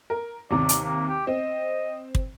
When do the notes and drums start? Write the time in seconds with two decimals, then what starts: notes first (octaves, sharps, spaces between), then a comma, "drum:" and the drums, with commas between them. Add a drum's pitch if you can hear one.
0.10 A#4
0.51 D#2 C3 D5 A#5
0.69 drum: hi-hat
0.83 A#3
1.08 G4
1.27 C4 D#5
2.15 drum: kick